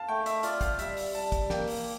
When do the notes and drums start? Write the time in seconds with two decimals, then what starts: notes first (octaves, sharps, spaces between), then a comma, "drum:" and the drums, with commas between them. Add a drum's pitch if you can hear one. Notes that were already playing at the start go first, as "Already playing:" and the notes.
Already playing: F5 A5
0.08 A3 G5
0.26 E5, drum: hi-hat
0.43 F4 D5, drum: hi-hat
0.61 F5, drum: kick, hi-hat
0.79 G3 E5, drum: hi-hat
0.97 drum: open hi-hat
1.14 G3 A5
1.32 drum: kick, hi-hat
1.50 A#3 G5, drum: snare
1.67 drum: open hi-hat